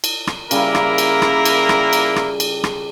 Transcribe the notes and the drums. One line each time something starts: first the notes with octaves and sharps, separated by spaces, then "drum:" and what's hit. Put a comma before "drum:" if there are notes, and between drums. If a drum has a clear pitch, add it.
drum: cymbal
drum: rim click
C#3 G3 A#3 E4 A#4, drum: cymbal
drum: rim click
drum: cymbal
drum: rim click
drum: cymbal
drum: rim click
drum: cymbal
drum: rim click
drum: cymbal
drum: rim click